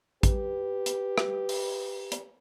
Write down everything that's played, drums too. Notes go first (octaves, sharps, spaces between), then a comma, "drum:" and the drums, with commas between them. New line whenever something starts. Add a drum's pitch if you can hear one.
G4 B4, drum: kick, hi-hat
drum: hi-hat
drum: rim click
drum: open hi-hat
drum: hi-hat